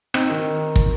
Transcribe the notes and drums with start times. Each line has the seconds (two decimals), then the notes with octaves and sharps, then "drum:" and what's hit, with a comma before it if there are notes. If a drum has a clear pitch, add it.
0.14 C4 D#4, drum: rim click
0.30 D#3
0.76 drum: kick